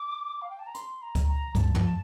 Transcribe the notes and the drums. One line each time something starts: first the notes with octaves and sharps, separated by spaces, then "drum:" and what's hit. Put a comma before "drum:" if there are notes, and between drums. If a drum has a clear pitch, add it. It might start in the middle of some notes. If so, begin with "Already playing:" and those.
Already playing: D6
F5
G5
A5
A#5
C6, drum: hi-hat
A#5
drum: kick C#2, hi-hat
A#5
G2 G3 A5, drum: kick C#2, hi-hat
F2 F3, drum: tom